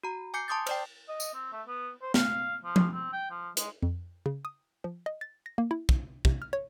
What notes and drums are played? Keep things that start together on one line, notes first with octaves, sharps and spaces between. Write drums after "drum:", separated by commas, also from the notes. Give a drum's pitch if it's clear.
F#4 A#5
G#5 D6 G6 C7 C#7
A5 C6 D6 D#6 G6 A6
C5 D5 G5, drum: cymbal
D#5
drum: tambourine
C4
A3
B3
C5
F5, drum: snare
F3
drum: tom F3
C4
G5
F3
G#3, drum: hi-hat
F2
C#3
D#6
F3
D#5
A6
A#6
A#3
E4
drum: kick
C3, drum: kick
F6
C#5